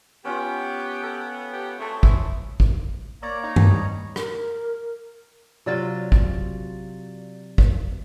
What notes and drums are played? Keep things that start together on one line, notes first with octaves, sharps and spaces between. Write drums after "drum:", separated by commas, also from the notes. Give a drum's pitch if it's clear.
B3 C#4 F4 G4
A4
G4
A3 C4 G#4 C#5 A5
E4, drum: kick
drum: kick
A#3 C#5 D5 A#5
D#4
G3, drum: tom G2
A#4, drum: rim click
C3 F#3 F4 F#4 D5 A6
drum: kick
drum: kick